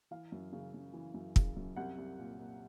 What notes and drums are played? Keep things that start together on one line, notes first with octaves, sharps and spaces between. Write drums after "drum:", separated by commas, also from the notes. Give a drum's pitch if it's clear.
E3 F5
F#2
C#3
F#2
E3
F#2
C#3, drum: kick
F#2
C2 F#5
C2
A#2
A#2